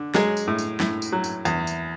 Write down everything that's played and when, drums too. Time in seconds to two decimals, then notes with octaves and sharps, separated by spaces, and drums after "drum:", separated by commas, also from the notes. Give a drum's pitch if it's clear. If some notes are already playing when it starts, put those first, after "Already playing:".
Already playing: D3
0.15 F#3 G#3 G#4, drum: snare
0.37 drum: tambourine
0.47 A2
0.58 drum: tambourine
0.80 A2, drum: snare
1.02 drum: tambourine
1.12 F#3
1.24 drum: tambourine
1.45 E2, drum: tambourine
1.67 drum: tambourine